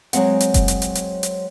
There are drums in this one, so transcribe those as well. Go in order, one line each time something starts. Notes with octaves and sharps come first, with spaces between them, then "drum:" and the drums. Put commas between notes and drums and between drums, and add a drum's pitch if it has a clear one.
F#3 G#3 C4 F#5, drum: hi-hat
drum: hi-hat
drum: kick F#1, hi-hat
drum: hi-hat
drum: hi-hat
drum: hi-hat
drum: hi-hat